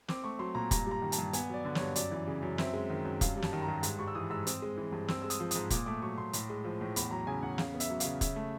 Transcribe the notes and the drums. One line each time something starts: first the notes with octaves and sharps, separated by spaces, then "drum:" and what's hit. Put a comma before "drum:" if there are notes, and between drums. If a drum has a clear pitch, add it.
C4 D6, drum: snare
A3 C#6
F#3 C6
A#2 A#5
G2 A#5, drum: kick, hi-hat
G3 A#5
D#3
A5, drum: hi-hat
G2
B3 G#5, drum: hi-hat
F#3 D5
D3
G2 C#5, drum: snare
F#2 D5, drum: hi-hat
E3
C#3
F#2
C4 E5, drum: snare
G#3
D#3
F#2
G2 F5, drum: kick, hi-hat
G3
A5, drum: snare
D#3
A#5
G2
G#2, drum: hi-hat
G3 C#6
E6
E3 D#6
G#2 E6
C4, drum: hi-hat
G#3
E3
G2
C4 E6, drum: snare
G#3 E6
D#6, drum: hi-hat
F3
G#2 D#6, drum: hi-hat
A#2 D6, drum: kick, hi-hat
A3 D6
F#3 C#6
A#2 C6
A2, drum: hi-hat
G#3
F3
A2
E2 B5, drum: hi-hat
F#3 A#5
C#3 G#5
E2 F#5
C#3 F5, drum: snare
B3
E5, drum: hi-hat
F#3
C#3 F5, drum: hi-hat
C#3 E5, drum: kick, hi-hat
A3